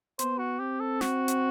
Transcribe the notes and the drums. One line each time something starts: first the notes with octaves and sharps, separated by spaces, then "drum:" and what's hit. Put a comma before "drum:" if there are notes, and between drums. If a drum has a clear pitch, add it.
B3 C5, drum: hi-hat
F#4
C4 G4
A4
F#4, drum: snare
drum: hi-hat